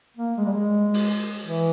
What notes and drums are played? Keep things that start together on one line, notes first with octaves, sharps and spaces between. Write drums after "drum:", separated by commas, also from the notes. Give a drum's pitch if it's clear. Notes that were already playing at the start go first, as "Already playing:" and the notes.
A#3
G#3
G3
G#3
drum: open hi-hat
E3